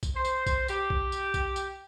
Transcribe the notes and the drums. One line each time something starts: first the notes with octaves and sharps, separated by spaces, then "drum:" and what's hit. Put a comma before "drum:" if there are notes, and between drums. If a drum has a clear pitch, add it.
drum: kick B1, tambourine
C5
drum: tambourine
drum: kick B1, tambourine
G4, drum: tambourine
drum: kick B1
drum: tambourine
drum: kick B1, tambourine
drum: tambourine